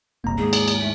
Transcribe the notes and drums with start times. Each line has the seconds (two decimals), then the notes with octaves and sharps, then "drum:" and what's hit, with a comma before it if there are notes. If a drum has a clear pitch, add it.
0.24 F#1 C2 A#3 A#5
0.38 D#2 G#2 G#4
0.53 drum: cymbal
0.68 drum: cymbal
0.80 A3